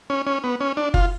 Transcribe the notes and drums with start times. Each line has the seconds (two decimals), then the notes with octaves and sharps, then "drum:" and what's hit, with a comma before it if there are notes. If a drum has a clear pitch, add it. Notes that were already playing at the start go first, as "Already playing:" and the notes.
0.10 C#4
0.27 C#4
0.44 B3
0.61 C#4
0.77 D4
0.94 F4, drum: kick F#1